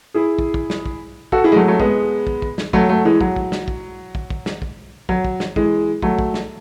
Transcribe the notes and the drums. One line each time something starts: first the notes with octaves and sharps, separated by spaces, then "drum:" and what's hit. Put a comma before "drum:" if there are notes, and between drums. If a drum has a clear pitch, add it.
E4 G#4
drum: kick
drum: kick
drum: snare
drum: kick
F#4 A4, drum: kick
E4 G#4
G#3
F#3 A3
F#3 A3
G#3 B3, drum: kick
drum: kick
drum: kick
drum: snare
F#3 A3, drum: kick
F#3 A3
E3 G#3
F#3, drum: kick
drum: kick
drum: snare
drum: kick
drum: kick
drum: kick
drum: snare
drum: kick
F#3, drum: kick
drum: kick
drum: snare
E3 G#3, drum: kick
F#3 A3, drum: kick
drum: kick
drum: snare